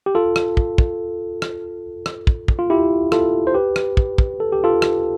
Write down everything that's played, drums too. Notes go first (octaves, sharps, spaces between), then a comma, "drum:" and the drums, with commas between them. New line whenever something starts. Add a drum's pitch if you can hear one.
G4
F4 A4
drum: rim click
drum: kick
drum: kick
drum: rim click
drum: rim click
drum: kick
drum: kick
F4
E4 G4
F4 A4, drum: rim click
C5
G4 B4
drum: rim click
drum: kick
drum: kick
A4
G4
F4 A4
drum: rim click